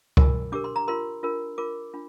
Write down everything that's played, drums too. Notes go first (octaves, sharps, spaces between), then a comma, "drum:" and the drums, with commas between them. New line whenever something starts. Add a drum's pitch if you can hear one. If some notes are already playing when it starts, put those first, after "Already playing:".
F4 A#4, drum: kick C#2
D4 G4 A#4 D6
C6
A#5
F4 A#4 C6
D4 F4 A#4
F4 A#4 D6
D4 F4